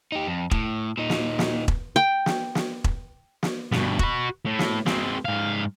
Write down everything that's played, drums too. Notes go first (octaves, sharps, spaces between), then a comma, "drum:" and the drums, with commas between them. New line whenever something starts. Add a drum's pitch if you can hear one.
D#4 G4
F2
A2, drum: kick E1
A#2 D#4
drum: snare
drum: snare
drum: kick E1
G5
drum: snare
drum: snare
drum: kick E1
drum: snare
G2 B2, drum: snare
F#4 B5, drum: kick E1
A2
drum: snare
G#3 C4, drum: snare
G#2 F5